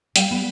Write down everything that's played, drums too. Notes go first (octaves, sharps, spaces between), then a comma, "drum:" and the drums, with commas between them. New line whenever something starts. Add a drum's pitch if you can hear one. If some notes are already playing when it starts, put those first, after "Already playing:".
G3 F5 G5, drum: hi-hat
B3